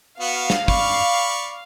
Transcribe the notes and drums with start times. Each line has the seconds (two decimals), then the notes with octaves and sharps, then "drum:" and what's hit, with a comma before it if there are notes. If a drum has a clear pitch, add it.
0.20 B3 F#4 F5
0.50 drum: snare
0.68 D5 B5 C#6, drum: kick